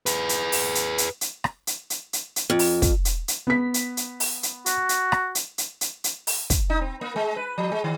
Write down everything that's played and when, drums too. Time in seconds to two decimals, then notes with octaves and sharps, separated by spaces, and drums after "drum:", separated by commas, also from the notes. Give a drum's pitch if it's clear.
0.06 G#4 B4, drum: hi-hat
0.29 drum: hi-hat
0.52 drum: open hi-hat
0.75 drum: hi-hat
0.98 drum: hi-hat
1.21 drum: hi-hat
1.44 drum: rim click
1.67 drum: hi-hat
1.90 drum: hi-hat
2.13 drum: hi-hat
2.36 drum: hi-hat
2.50 F2
2.59 drum: open hi-hat
2.82 drum: kick, hi-hat
3.05 drum: hi-hat
3.28 drum: hi-hat
3.47 B3 B6
3.74 drum: hi-hat
3.97 drum: hi-hat
4.20 drum: open hi-hat
4.43 drum: hi-hat
4.66 F#4, drum: hi-hat
4.89 drum: hi-hat
5.12 drum: rim click
5.35 drum: hi-hat
5.58 drum: hi-hat
5.81 drum: hi-hat
6.04 drum: hi-hat
6.27 drum: open hi-hat
6.50 drum: kick, hi-hat
6.70 D#4
6.81 C4
7.01 A#3
7.16 G#3
7.36 B4
7.58 F3
7.72 G#3
7.84 D#3